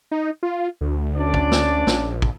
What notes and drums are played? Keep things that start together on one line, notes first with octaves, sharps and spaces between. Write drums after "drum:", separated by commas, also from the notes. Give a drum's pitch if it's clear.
D#4
F4
D2
C#4 D4 D5
drum: kick
drum: snare
A#1, drum: snare
drum: kick